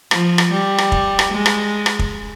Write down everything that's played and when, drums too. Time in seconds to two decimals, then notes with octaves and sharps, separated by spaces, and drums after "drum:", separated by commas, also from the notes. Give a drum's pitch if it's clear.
0.11 F3, drum: rim click
0.38 drum: rim click
0.51 G3
0.78 drum: rim click
0.92 drum: kick
1.19 drum: rim click
1.32 G#3
1.46 drum: rim click
1.86 drum: rim click
1.99 drum: kick